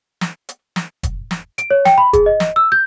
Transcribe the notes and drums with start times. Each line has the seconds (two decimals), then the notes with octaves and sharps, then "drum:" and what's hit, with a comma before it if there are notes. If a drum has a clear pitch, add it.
0.21 drum: snare
0.49 drum: hi-hat
0.76 drum: snare
1.03 drum: kick, hi-hat
1.31 drum: snare
1.58 D7, drum: hi-hat
1.71 C#5
1.85 G5, drum: snare
1.98 B5
2.13 G#4, drum: kick, hi-hat
2.26 D#5
2.40 drum: snare
2.56 E6
2.72 G6